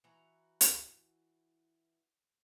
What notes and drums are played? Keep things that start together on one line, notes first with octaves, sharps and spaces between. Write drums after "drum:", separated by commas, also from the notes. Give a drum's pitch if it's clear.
E3 F#4 A#5
drum: hi-hat